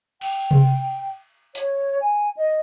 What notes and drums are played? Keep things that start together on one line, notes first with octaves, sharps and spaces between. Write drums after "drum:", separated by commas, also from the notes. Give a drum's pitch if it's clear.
G5, drum: cymbal
drum: tom C3
C#5, drum: hi-hat
G#5
D#5